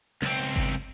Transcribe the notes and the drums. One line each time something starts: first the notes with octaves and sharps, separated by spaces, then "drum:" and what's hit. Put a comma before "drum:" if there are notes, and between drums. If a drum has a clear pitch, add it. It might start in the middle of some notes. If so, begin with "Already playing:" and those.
C#2 C4, drum: snare
drum: kick G1